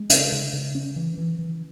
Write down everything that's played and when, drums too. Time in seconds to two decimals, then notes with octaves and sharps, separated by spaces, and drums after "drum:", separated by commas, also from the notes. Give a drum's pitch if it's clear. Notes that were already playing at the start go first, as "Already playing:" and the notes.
Already playing: G#3
0.10 C#3, drum: hi-hat
0.32 C#3
0.53 C#3
0.75 C#4
0.96 E3
1.18 E3
1.39 E3